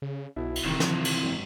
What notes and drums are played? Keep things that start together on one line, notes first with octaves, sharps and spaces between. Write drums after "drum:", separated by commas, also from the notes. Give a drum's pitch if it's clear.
C#3
B1 B2 E4
drum: cymbal
D#1 C3 D#3 E3
F3, drum: snare
drum: cymbal
G#1 F#2